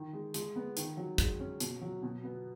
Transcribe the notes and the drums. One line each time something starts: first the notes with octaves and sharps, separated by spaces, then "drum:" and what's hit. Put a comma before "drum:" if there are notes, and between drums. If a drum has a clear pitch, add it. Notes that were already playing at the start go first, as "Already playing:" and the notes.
Already playing: D#3
G#3
G#3, drum: hi-hat
B3
D#3, drum: hi-hat
F#3
G#3, drum: kick, hi-hat
C#4
B2, drum: hi-hat
F#3
B2
B3